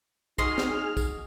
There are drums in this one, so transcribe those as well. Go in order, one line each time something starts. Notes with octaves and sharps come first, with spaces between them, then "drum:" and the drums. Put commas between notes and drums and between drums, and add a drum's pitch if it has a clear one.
D#4 F#4 G#4 D#5 C6 F6, drum: kick
drum: snare
drum: kick, tambourine